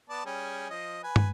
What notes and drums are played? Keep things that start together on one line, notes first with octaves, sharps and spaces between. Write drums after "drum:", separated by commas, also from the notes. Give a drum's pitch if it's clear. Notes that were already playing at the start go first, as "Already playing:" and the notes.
B3 D5 A5
G3 C#4 G#4
F3 D#5
B4 G#5
drum: tom